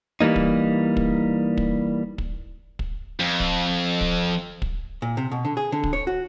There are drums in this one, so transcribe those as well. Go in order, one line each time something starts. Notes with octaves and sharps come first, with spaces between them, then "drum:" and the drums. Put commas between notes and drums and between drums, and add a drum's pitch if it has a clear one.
E3 G3 A#3 D#4
drum: kick
drum: kick
drum: kick
drum: kick
drum: kick
F2
drum: kick
drum: kick
drum: kick
A#2
C3
B2
D3
G#4
D3
drum: kick
C#5
F#4